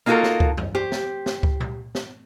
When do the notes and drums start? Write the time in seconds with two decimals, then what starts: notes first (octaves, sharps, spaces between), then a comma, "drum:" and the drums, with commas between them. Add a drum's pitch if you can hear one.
0.06 A#3 D#4 F4 F#4 A4 A#4
0.23 drum: snare
0.40 drum: kick C#2
0.57 drum: tom F2
0.75 G4 C5
0.92 drum: snare
1.26 drum: snare
1.43 drum: kick C#2
1.60 drum: tom A#2
1.95 drum: snare